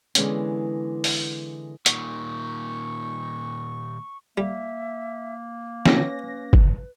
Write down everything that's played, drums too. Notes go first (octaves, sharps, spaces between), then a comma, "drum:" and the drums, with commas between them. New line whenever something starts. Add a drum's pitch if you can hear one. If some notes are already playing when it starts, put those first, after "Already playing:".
D3 E3 G#3 B3 C#4, drum: hi-hat
drum: open hi-hat
A#2 D#3 C#6, drum: hi-hat
G3 A#3 E5
C#4 B4 A#6, drum: snare
drum: kick G1